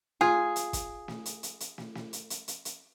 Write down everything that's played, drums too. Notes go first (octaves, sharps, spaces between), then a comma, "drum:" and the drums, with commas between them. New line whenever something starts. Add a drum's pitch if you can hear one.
F4 G#4, drum: snare
drum: hi-hat
drum: kick, hi-hat
drum: snare
drum: hi-hat
drum: hi-hat
drum: hi-hat
drum: snare
drum: snare
drum: hi-hat
drum: hi-hat
drum: hi-hat
drum: hi-hat